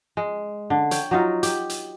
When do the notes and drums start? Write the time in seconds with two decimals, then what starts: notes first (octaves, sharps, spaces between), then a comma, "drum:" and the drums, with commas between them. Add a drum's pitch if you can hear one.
0.17 G#3
0.70 D3
0.91 C#5 G5, drum: hi-hat
1.11 F#3 D#4 F4
1.43 G4, drum: hi-hat
1.70 drum: hi-hat